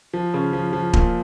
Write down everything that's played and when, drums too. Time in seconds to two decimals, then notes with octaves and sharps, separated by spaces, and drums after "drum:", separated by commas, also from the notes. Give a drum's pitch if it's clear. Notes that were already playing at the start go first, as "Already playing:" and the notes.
0.14 F3
0.34 C#3
0.53 F3
0.73 F3
0.93 A#2, drum: kick